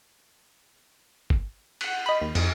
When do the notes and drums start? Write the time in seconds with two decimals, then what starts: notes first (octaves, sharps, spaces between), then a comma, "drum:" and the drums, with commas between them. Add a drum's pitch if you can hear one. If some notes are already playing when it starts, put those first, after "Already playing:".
1.30 drum: kick G1
1.81 F#5 F#6, drum: cymbal
2.06 D#5 B5
2.21 D#2
2.35 F2, drum: cymbal